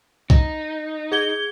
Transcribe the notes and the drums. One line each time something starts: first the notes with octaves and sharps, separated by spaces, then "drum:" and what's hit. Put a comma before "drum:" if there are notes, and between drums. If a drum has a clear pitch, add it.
D#4, drum: kick B1
G#4 G#6 G7